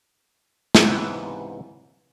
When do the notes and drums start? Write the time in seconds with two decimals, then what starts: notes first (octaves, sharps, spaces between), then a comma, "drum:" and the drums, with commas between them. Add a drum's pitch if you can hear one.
0.75 C#2 G#2 C3 E3 B3 G5, drum: snare